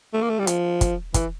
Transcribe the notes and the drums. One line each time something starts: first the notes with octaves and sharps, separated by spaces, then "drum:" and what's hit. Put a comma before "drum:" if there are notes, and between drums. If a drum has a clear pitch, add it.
A3
A#3
A3
G3
F3, drum: hi-hat
drum: kick, hi-hat
E3, drum: kick, hi-hat